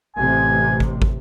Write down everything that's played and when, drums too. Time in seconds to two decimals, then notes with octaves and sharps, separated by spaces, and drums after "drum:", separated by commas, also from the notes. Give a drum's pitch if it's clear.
0.16 A1 C3 G#5
0.80 drum: kick
1.02 drum: kick